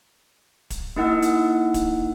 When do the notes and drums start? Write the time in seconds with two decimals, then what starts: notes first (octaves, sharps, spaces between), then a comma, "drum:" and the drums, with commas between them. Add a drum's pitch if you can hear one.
0.70 drum: kick, hi-hat
0.96 A#3 D#4 E4 F#5 E6
1.22 drum: hi-hat
1.74 drum: kick, hi-hat